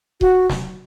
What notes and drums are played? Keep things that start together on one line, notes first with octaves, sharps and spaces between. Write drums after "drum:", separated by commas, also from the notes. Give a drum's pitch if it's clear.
F#4, drum: kick D#1
drum: snare